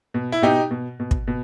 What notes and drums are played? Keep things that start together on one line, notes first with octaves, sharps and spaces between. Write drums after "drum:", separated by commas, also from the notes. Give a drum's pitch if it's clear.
B2
E4
B2 D#4 G4
B2
B2
drum: kick
B2